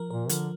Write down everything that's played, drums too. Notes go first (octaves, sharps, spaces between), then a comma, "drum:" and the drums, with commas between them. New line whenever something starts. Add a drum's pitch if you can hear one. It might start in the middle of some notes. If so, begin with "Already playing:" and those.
Already playing: F3 A#4
A#2 A#4
D3 F3, drum: hi-hat